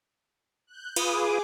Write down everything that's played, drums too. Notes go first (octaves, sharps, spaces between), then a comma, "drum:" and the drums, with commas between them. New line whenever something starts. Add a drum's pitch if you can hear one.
F#6 G6
F4 G#4 B4 D6 D#6, drum: cymbal